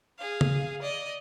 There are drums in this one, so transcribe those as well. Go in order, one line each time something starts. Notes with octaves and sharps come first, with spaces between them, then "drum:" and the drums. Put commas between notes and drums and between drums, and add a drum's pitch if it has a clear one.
G#4 F5
drum: tom C#3
D5 D#5